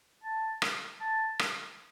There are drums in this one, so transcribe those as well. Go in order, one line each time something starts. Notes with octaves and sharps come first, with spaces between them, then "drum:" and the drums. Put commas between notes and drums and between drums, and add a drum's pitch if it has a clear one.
A5
drum: rim click
A5
drum: rim click